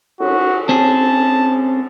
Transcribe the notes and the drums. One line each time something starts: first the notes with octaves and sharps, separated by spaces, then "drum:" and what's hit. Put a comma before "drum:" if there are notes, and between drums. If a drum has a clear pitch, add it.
F#4, drum: cymbal
C4 C#4 G#4 A5